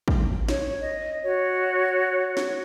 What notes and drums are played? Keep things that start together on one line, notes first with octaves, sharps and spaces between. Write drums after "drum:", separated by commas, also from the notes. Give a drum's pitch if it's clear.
drum: kick
C#5, drum: snare
D#5
F#4 C#5
drum: snare